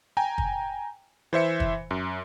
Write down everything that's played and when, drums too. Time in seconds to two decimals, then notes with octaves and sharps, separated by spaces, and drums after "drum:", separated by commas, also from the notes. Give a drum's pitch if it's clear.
0.17 G5 G#5 A#5
0.38 drum: kick
1.33 E3 C5 E5 C#7
1.60 drum: kick
1.91 F#2